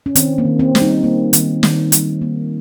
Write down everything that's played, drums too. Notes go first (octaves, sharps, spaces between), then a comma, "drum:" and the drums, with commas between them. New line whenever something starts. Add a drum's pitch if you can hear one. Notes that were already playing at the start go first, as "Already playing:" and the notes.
C#4
D#3 C4, drum: hi-hat
A#3
D#3
C4
G3, drum: snare
D#4
A#3
D#3, drum: hi-hat
D#3, drum: snare
G3, drum: hi-hat
A#3